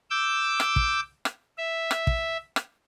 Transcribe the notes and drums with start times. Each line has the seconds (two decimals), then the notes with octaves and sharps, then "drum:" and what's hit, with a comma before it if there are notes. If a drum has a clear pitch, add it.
0.10 D6 E6 G6
0.60 drum: rim click
0.76 drum: kick
1.25 drum: rim click
1.58 E5
1.91 drum: rim click
2.07 drum: kick
2.56 drum: rim click